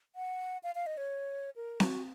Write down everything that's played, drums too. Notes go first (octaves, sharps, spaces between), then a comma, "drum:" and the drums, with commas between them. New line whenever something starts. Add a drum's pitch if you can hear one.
F#5
F5
F5
D#5
C#5
A#4
F#4, drum: snare C4